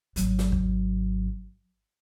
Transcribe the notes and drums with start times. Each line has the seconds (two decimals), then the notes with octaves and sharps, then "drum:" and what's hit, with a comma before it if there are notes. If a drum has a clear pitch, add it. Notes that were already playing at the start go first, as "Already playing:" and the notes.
0.16 G#1 F#3, drum: hi-hat
0.39 drum: snare
0.52 drum: kick